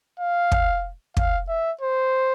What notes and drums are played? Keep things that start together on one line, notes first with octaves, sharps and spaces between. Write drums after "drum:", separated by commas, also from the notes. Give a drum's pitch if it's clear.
F5
drum: kick
F5, drum: kick
E5
C5